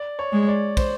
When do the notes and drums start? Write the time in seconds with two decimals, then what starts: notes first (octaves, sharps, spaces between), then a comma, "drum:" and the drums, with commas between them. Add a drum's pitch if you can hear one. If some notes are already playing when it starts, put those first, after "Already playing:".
Already playing: D5
0.19 C#5
0.33 G#3
0.48 D5
0.77 C5, drum: kick, cymbal